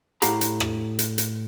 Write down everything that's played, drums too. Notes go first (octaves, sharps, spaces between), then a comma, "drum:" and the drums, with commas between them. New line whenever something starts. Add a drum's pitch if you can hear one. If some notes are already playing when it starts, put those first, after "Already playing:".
A2 G4 F5 F#5 A#5 B5, drum: hi-hat
drum: hi-hat
drum: rim click
drum: hi-hat
drum: hi-hat